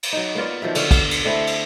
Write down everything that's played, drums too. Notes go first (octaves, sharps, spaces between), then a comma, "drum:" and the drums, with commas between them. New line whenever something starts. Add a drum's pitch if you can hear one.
drum: cymbal
F#3 D#4
A#3 B3 F4 D5
D#3 F3 F#3 E5
D3 F#4 F5, drum: cymbal
F5, drum: kick, cymbal
drum: cymbal
D3 A3 C4 E4
drum: cymbal